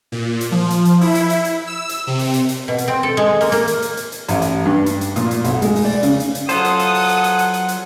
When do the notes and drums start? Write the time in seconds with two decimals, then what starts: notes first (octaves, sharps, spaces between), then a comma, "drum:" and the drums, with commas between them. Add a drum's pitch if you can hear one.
0.12 A#2
0.41 drum: hi-hat
0.52 F3
0.70 drum: hi-hat
0.85 drum: hi-hat
1.01 E4, drum: open hi-hat
1.15 drum: hi-hat
1.30 drum: hi-hat
1.45 drum: hi-hat
1.67 E6
1.89 drum: hi-hat
2.07 C3
2.19 drum: open hi-hat
2.34 drum: hi-hat
2.49 drum: hi-hat
2.68 B2
2.78 drum: hi-hat
2.88 C4
3.03 A4
3.17 G#3
3.41 A#3, drum: open hi-hat
3.52 A#3, drum: hi-hat
3.67 drum: hi-hat
3.82 drum: hi-hat
3.97 drum: hi-hat
4.12 drum: hi-hat
4.28 A1, drum: hi-hat
4.42 drum: hi-hat
4.65 G2
4.86 drum: hi-hat
5.01 drum: hi-hat
5.16 A#2, drum: hi-hat
5.31 drum: hi-hat
5.44 B1, drum: hi-hat
5.62 G#3, drum: hi-hat
5.75 drum: open hi-hat
5.85 D5
6.03 C#3, drum: hi-hat
6.20 drum: hi-hat
6.35 drum: hi-hat
6.49 F#3 F4 A4 C5 F#5 D#6, drum: hi-hat
6.65 drum: hi-hat
6.79 drum: hi-hat
6.94 drum: open hi-hat
7.09 drum: hi-hat
7.24 drum: hi-hat
7.39 drum: hi-hat
7.54 drum: hi-hat
7.68 drum: hi-hat